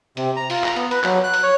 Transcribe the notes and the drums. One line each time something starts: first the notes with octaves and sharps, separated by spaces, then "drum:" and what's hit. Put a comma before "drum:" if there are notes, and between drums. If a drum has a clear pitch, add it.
C3, drum: hi-hat
A#5
F4, drum: open hi-hat
A#5, drum: clap
B3, drum: hi-hat
B4, drum: hi-hat
F#3, drum: clap
F#6
drum: hi-hat
C#5